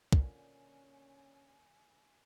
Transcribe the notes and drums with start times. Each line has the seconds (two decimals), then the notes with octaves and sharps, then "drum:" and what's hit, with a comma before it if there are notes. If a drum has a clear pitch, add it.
0.12 A#2 D3 C#4 G#5, drum: kick